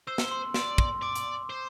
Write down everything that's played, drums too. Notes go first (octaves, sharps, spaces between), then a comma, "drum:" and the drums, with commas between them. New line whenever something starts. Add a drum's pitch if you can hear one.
C5 E6
drum: snare
C6
D5 C6, drum: snare
C6, drum: kick
D5 D6
drum: hi-hat
C5